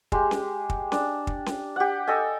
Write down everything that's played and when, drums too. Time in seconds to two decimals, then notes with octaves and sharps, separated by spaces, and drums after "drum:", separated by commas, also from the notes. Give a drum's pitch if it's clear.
0.12 G#3 G4, drum: kick
0.31 drum: snare C#4
0.70 drum: kick
0.92 D4, drum: snare C#4
1.27 drum: kick
1.46 drum: snare C#4
1.76 G4 F#5
2.07 A4 D#5 G5 G#5